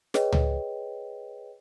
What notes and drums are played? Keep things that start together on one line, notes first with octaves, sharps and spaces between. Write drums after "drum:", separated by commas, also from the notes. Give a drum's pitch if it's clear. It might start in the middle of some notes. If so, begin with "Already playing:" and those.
G#4 B4 C#5 D#5 G5, drum: snare
drum: tom C#2